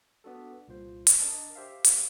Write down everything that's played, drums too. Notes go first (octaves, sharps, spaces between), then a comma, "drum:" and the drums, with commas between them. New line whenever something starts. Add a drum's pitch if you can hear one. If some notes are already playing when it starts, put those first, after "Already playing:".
B3 D4 F#4 A4
C2 A#2 F4 C5
drum: hi-hat
D4 A#4 D#5 A5
G4 C5 E5 F5
drum: hi-hat